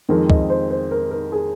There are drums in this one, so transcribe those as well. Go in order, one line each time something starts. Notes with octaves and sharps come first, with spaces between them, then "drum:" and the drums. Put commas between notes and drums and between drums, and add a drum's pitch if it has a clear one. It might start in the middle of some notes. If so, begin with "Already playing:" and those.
F2 D#3 G#3 C4 A#4
D#5, drum: kick
C5
C5
A#4
A#4
G#4